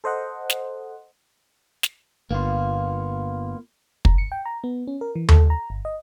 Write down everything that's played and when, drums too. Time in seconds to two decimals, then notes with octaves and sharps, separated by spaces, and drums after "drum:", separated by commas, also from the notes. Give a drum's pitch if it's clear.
0.04 A4 C5 D#5 F#5
0.50 drum: snare
1.83 drum: snare
2.31 G1 A#3 B3 F4
4.05 A#5, drum: kick
4.18 C#7
4.32 G5
4.45 A#5
4.64 B3
4.87 C#4
5.01 A#4
5.16 E3
5.29 A4, drum: tom D#2
5.50 A#5
5.70 G1
5.85 D#5